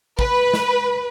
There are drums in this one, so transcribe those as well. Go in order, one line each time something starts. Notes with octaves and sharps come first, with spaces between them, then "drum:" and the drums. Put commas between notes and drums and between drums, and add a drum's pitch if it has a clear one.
B4, drum: kick
drum: snare